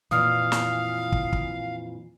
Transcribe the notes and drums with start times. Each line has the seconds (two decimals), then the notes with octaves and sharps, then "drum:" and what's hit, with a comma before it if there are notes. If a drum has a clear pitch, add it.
0.11 F2 A#2 E3 F5 D#6 F6
0.52 drum: snare
1.12 drum: kick
1.33 drum: kick